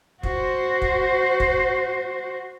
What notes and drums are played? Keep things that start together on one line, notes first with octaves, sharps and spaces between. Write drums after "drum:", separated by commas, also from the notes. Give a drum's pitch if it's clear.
F#4 C5, drum: kick
drum: kick
drum: kick